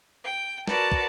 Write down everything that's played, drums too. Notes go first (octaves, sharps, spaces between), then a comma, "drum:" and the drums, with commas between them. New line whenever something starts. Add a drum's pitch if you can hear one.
G5
F#4 A#4 B4 D5 A5, drum: snare
drum: kick